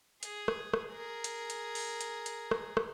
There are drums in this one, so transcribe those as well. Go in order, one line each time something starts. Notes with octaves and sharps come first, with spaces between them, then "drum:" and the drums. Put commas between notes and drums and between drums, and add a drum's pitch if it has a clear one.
G#4, drum: hi-hat
drum: rim click
drum: rim click
G#4 A#4
drum: hi-hat
drum: hi-hat
drum: open hi-hat
drum: hi-hat
drum: hi-hat
drum: rim click
drum: rim click